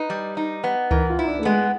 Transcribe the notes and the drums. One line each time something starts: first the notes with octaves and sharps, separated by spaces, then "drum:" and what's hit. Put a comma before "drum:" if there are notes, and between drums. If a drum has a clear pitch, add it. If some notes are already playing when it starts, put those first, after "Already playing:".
Already playing: D#4 B4
G3
D#4
B3
E3 A#4, drum: tom C#2
F4
D#4 E4
D4
A3
G#3 B3